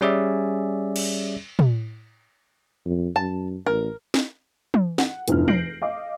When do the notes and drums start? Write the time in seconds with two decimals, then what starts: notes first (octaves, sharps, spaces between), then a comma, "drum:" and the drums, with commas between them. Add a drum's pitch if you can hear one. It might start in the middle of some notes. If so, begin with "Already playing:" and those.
0.01 G3 C#4 G#4 D5 E5
0.96 drum: cymbal
1.59 drum: tom
2.86 F2
3.16 F#2 A5
3.66 A1 A#4
4.14 drum: snare
4.74 drum: tom
4.98 F#5, drum: snare
5.28 F1 E2 G2 F3 F6, drum: hi-hat
5.48 G6 A#6 C7 D7 F#7, drum: tom
5.82 D#5 F5 D6